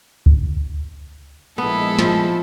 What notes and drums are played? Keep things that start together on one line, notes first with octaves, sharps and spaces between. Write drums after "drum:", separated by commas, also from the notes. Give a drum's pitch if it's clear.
drum: kick D2
A#1 G#3 B3 E4 A4
F3, drum: snare